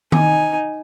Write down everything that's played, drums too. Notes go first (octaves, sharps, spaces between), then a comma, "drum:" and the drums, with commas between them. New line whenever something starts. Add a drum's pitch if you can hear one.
D#4 G#5, drum: tom D#3